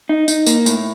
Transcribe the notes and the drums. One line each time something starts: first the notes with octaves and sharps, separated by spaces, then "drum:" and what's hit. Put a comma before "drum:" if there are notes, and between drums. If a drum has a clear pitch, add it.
D#4
D#4, drum: tambourine
A#3, drum: tambourine
A2, drum: tambourine